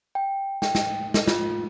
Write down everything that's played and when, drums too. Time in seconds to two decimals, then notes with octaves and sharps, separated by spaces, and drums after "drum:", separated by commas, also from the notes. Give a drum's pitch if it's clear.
0.15 G5
0.62 G5, drum: snare
0.75 drum: snare
1.14 drum: snare
1.27 F4, drum: snare